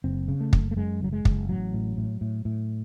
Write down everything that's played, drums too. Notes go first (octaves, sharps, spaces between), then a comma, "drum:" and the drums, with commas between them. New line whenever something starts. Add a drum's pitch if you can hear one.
F#1 C4
C#3
A3
F#1, drum: kick
A3
F#2 G#3
F#1 F#3
G#3
F#1, drum: kick
A1 F#3
A2
A2
A2
A2